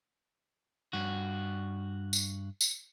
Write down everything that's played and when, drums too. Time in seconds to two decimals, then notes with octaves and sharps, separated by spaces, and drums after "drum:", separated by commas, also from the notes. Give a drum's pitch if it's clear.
0.93 G2 F#4
2.13 drum: tambourine
2.61 drum: tambourine